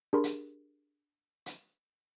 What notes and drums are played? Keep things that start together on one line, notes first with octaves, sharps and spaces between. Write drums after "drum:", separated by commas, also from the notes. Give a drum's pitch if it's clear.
D4 G4 G#4 A#4 B5 C6
drum: hi-hat
drum: hi-hat